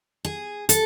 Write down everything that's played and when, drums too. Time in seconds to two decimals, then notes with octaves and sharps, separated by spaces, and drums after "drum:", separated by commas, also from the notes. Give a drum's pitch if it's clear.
0.25 G#4
0.69 A4, drum: hi-hat